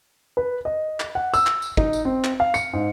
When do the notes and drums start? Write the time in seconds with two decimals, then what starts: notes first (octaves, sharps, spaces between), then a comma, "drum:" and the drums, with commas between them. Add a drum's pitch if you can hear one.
0.37 B4
0.65 D#5
1.00 drum: clap
1.15 F#5
1.34 E6, drum: tambourine
1.46 drum: clap
1.62 drum: tambourine
1.77 D#4, drum: kick
1.93 drum: tambourine
2.05 C4
2.24 drum: clap
2.40 F5
2.54 C#7, drum: tambourine
2.73 G#2